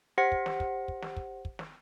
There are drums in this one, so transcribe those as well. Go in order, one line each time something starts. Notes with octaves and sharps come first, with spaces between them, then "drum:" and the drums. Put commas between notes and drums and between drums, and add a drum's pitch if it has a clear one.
G4 C5 F#5 A#6 C#7
drum: kick
drum: snare
drum: kick
drum: kick
drum: snare
drum: kick
drum: kick
drum: snare